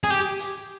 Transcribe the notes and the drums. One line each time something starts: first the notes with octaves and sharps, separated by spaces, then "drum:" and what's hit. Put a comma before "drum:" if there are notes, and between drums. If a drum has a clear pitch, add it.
G#4
G4, drum: hi-hat
drum: hi-hat